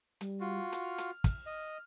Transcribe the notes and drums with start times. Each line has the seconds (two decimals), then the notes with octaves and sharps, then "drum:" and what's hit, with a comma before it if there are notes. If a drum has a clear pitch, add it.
0.21 G3, drum: hi-hat
0.40 F4 F#4
0.72 drum: hi-hat
0.82 F6
0.98 drum: hi-hat
1.24 drum: kick, hi-hat
1.46 D#5